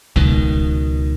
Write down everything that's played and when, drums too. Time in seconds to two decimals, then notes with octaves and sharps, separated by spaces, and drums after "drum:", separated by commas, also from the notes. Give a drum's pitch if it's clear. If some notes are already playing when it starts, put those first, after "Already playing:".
0.16 C#2 B2 D#3, drum: kick D1